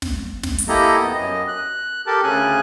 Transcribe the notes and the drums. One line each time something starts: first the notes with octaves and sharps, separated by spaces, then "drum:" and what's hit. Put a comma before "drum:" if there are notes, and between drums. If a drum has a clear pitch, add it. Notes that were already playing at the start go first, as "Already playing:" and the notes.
drum: snare
drum: snare
drum: hi-hat
A#3 E4 G4 A4 D#5 A#5
F2 B3
F#2 D#5
F#6
G4 A4 A#4 A5
D2 C#3 C#4 G#4 G#5 F#6